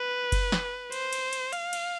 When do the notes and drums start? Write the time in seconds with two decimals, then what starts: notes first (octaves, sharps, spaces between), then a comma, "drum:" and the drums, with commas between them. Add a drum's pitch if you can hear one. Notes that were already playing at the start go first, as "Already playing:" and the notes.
Already playing: B4
0.32 drum: kick F#1, cymbal
0.52 drum: snare
0.92 C5, drum: cymbal
1.13 drum: cymbal
1.33 drum: cymbal
1.53 F5, drum: cymbal
1.73 drum: cymbal